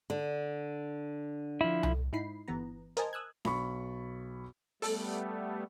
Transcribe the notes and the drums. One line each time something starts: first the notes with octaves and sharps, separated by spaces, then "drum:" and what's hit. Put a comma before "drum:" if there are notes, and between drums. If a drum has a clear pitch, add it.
D3
F3 E4
drum: tom C2
G#2 D#4 E4 B5 C7
G1 E3 B3 A#5
A#4 C5 D#5 G#5 A5, drum: hi-hat
D#6 E6 F#6 G#6
B1 B5 C#6, drum: snare D4
G3 A3 B3 A4, drum: open hi-hat